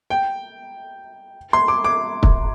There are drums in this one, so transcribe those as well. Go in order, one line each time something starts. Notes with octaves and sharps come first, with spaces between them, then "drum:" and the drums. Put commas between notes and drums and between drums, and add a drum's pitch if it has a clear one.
G5
C6
D6
D6
drum: kick